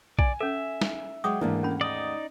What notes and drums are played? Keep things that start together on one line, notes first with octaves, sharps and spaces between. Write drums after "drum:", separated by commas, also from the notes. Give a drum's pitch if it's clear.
D5 G#5, drum: kick B1
C#4 A4 E5
drum: snare
F#3 G#3 G5 D6 D#6
D#2 G#2 E3 A3 A#3 D4
C#4 B5
D#4 D5 D#6